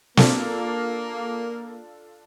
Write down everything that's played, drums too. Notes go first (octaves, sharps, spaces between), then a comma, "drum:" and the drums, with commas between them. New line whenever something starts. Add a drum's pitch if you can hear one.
A#3 D4 F4 A4, drum: snare